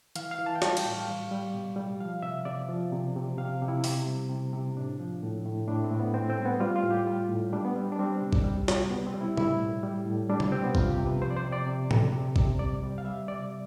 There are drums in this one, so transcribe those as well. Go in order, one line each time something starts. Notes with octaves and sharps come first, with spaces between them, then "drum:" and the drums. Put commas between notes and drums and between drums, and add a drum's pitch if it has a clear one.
E3 F5, drum: hi-hat
F5
E3
A5
G5
G3 A5, drum: snare
G5, drum: cymbal
A2
F5
G3
G3
B2
G3
F3 F5
C3 E5
C3 D5
F3
C3
C3
C3 F5
C3
E4
C3, drum: open hi-hat
G3
C3
C3
A2 D4
F3
A2
A2
A2 D4
C4
A2
B3
A2 C4
C4
G3
B3
G3 F4
F4
A2
G4
G3 F4
A2
G3 D4
B3
G3 C4
D4
G3 C4
C3
drum: kick A#1
G3
G3, drum: snare
B2 B3
C4
G3
E4
A2 E4, drum: tom B2
A2
G3
A2
G3 D4
C4, drum: tom B2
C3 C4
B3
C3 F4, drum: kick A#1
G4
C3
B4
F3 C5
D5
C5
C3
D5
C3
C3, drum: tom A2
C3
C3, drum: kick A#1
G3 D5
G3
F5
G3 E5
C3 D5